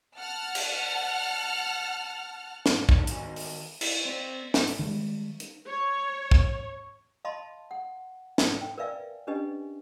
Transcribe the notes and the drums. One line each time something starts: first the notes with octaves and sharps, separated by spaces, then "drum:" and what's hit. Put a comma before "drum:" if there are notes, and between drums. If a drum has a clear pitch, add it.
F#5 A5 F6
drum: cymbal
drum: snare
G3 A3 C4 D4 D#4 G4, drum: kick
D#3 F#4 G#5, drum: hi-hat
drum: open hi-hat
E4, drum: cymbal
C4 C5
drum: snare
drum: open hi-hat
D#3 E3 G3 G#3
drum: hi-hat
C#5
drum: kick
D#5 F5 A5 B5 C6
F#5
drum: snare
G5
A#4 B4 D5 E5 F5 G#5
C#4 D4 G4 B4 D#5 G#5